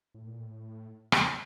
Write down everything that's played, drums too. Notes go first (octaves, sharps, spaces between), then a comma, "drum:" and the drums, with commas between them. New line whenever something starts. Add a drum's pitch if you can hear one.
A2
A#2
A2
drum: rim click